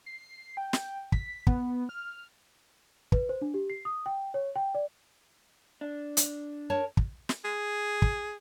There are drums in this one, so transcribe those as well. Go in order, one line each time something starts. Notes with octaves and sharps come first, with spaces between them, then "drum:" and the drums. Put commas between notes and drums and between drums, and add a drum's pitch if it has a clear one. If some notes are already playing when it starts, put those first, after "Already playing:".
C7
G5
drum: snare
B6, drum: kick
B3, drum: kick
F6
B4, drum: kick
C5
D4
G4
C7
D#6
G5
C#5
G5
D5
D4
drum: hi-hat
A#4 C#5 A5
drum: kick
drum: snare
G#4
drum: kick